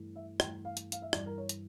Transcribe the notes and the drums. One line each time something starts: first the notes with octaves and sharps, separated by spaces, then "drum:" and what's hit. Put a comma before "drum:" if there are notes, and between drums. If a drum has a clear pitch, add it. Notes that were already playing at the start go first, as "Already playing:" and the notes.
Already playing: G2 E3 A3
E5
G2 E3 A3 G5, drum: rim click
F5
drum: hi-hat
F5, drum: hi-hat
E5
G2 E3 G3 D5, drum: rim click
A#4
C#5
drum: hi-hat